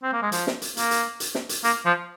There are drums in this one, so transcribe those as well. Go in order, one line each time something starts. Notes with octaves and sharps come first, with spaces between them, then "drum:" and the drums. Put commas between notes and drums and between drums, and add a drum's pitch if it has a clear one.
C4
A#3
G#3
F3, drum: hi-hat
drum: snare
drum: hi-hat
A#3, drum: hi-hat
drum: hi-hat
drum: hi-hat
drum: snare
drum: hi-hat
A#3, drum: hi-hat
F3